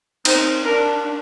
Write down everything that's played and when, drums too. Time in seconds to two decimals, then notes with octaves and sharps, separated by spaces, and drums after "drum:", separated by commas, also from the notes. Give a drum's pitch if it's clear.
0.25 C4 D#4, drum: cymbal
0.64 D4 A#4